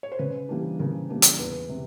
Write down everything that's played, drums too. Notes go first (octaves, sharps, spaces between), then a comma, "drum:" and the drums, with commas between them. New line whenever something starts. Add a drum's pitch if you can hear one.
C#5
C5
C#3 B4
E3 G3 A#3 D4
C#3 A#4
E3 G3 A#3 D4
drum: hi-hat
E2 B4
C3